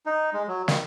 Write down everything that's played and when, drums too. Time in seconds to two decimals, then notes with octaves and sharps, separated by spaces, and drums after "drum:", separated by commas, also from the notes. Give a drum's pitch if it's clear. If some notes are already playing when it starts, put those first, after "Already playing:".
0.06 D#4
0.33 G#3
0.48 F#3
0.68 D#3, drum: snare